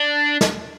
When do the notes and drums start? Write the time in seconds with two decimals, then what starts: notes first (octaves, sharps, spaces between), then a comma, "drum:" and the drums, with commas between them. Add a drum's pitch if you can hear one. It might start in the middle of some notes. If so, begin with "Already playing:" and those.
Already playing: D4
0.41 drum: snare